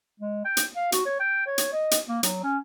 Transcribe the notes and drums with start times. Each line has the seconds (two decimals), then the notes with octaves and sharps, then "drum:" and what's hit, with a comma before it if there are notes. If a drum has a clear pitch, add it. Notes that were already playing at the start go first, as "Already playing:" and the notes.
0.20 G#3
0.45 G5
0.57 drum: hi-hat
0.76 F5
0.92 F#4, drum: hi-hat
1.06 C#5
1.20 G5
1.46 C#5
1.58 drum: hi-hat
1.72 D#5
1.91 drum: hi-hat
2.08 A#3
2.23 F#3, drum: hi-hat
2.43 C#4